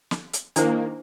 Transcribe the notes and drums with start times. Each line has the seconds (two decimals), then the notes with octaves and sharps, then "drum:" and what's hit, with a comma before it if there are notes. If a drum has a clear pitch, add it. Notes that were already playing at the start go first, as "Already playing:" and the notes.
0.11 drum: snare
0.33 drum: hi-hat
0.56 D#3 A#3 D4 E4 C5, drum: hi-hat